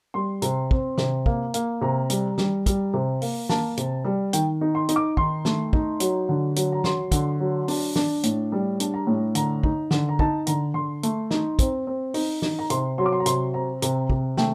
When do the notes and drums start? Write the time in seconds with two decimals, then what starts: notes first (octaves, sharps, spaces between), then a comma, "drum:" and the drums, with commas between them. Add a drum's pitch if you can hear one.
0.14 G3 C6
0.42 C3, drum: hi-hat
0.71 C4, drum: kick
0.98 C3, drum: snare
1.26 A#3, drum: kick
1.54 A#3, drum: hi-hat
1.81 C3 A#5
2.10 G3, drum: hi-hat
2.38 G3, drum: snare
2.66 G3, drum: kick, hi-hat
2.94 C3
3.22 A#3, drum: open hi-hat
3.49 A#3 A5, drum: snare
3.77 C3, drum: hi-hat
4.05 G3
4.33 D#3 G5, drum: hi-hat
4.61 D#4
4.75 C6
4.89 D#4, drum: hi-hat
4.96 D6
5.17 D#3 C6, drum: kick
5.45 A3, drum: snare
5.73 D#4, drum: kick
6.00 F#3, drum: hi-hat
6.29 D3
6.56 F#3, drum: hi-hat
6.72 A#5
6.84 F#3 C6, drum: snare
7.11 D3, drum: kick, hi-hat
7.40 F#3
7.68 D4, drum: open hi-hat
7.96 D4, drum: snare
8.23 A2, drum: hi-hat
8.52 G3
8.80 D4, drum: hi-hat
8.94 A#5
9.07 A2
9.35 D3 A#5, drum: hi-hat
9.63 D#4, drum: kick
9.91 D3, drum: snare
10.09 A#5
10.19 D#4 A5, drum: kick
10.47 D3 A#5, drum: hi-hat
10.74 D3 C6
11.03 A3, drum: hi-hat
11.31 D#4, drum: snare
11.59 C4, drum: kick, hi-hat
11.87 C4
12.14 D#4, drum: open hi-hat
12.42 D#4, drum: snare
12.59 A#5
12.70 C3 C6, drum: hi-hat
12.98 F#3 C6
13.06 D6
13.12 C6
13.20 A#5
13.26 C3 C6, drum: hi-hat
13.54 C4 A#5
13.82 C3, drum: hi-hat
14.10 C3, drum: kick
14.37 A3 G5, drum: snare